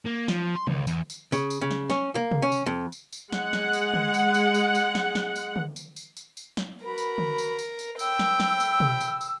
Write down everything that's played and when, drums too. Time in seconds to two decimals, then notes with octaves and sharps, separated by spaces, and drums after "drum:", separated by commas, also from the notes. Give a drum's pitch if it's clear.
0.05 A#3
0.28 F3, drum: snare
0.55 C6
0.67 C#2, drum: tom D3
0.87 E2, drum: tambourine
1.10 drum: tambourine
1.32 C#3, drum: tambourine
1.50 drum: tambourine
1.61 C#3
1.71 drum: snare
1.90 C#4, drum: snare
2.15 A#3
2.31 drum: tom C3
2.42 C#4
2.52 drum: tambourine
2.66 F2
2.92 drum: tambourine
3.13 drum: tambourine
3.32 G#3 F#5, drum: snare
3.53 drum: snare
3.73 drum: tambourine
3.94 drum: tom D3
4.14 drum: tambourine
4.34 drum: tambourine
4.54 drum: tambourine
4.75 drum: tambourine
4.95 drum: snare
5.15 drum: snare
5.36 drum: tambourine
5.56 drum: tom D3
5.76 drum: tambourine
5.96 drum: tambourine
6.17 drum: tambourine
6.37 drum: tambourine
6.57 drum: snare
6.85 B3 F#4 A#4 B5
6.98 drum: tambourine
7.18 drum: tom D3
7.38 drum: tambourine
7.59 drum: tambourine
7.79 drum: tambourine
7.99 A2 G5 B5 E6, drum: tambourine
8.19 drum: snare
8.40 drum: snare
8.60 drum: tambourine
8.80 drum: tom B2
9.01 drum: tambourine
9.21 drum: tambourine